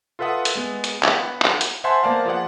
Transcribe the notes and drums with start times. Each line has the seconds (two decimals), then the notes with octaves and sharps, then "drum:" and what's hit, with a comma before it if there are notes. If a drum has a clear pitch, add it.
0.19 F4 A4 B4 E5 F#5 D#6
0.45 drum: hi-hat
0.55 G#3 B3
0.84 drum: hi-hat
1.03 B3 F#5 B5, drum: clap
1.42 drum: clap
1.61 drum: hi-hat
1.84 C5 E5 F#5 G#5 A5 C6
2.03 A#3 B3 C5 D5 F5 A5
2.25 F3 F4 G#4 D5 F#5